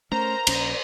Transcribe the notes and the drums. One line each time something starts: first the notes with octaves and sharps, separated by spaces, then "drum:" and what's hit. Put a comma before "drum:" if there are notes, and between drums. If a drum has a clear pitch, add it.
A3 C#4 A#4 C5 A#5
A#1 C#4 C5 D#6, drum: cymbal